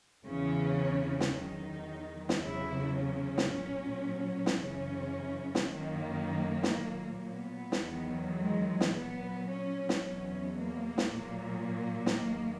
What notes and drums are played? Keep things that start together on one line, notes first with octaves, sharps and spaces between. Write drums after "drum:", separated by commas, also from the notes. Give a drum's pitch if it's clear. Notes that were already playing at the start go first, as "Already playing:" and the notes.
E2 C#3 E3 C#4
drum: snare
E2 D#3 F#3 D#4
drum: snare
E2 C#3 F#3 E4
C#4
drum: snare
A#2 F#3
drum: snare
F#2 C#3 E3 C#4
drum: snare
F#2 D#3 F#3 A#3
drum: snare
A#2 F#3
B3
drum: snare
E2 D#3 F#3
G#3
drum: snare
A#2 F#3 B3
C#4
drum: snare
E2 B2 F#3 C#4
A#3
drum: snare
A#2 F#3
A#3
drum: snare
E2 D#3 F#3